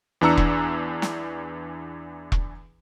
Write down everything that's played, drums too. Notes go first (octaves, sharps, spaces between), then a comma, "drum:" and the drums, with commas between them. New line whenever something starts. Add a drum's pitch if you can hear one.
E2 E3 D4 A#5 E6 C#7
drum: kick E1
drum: snare
drum: kick E1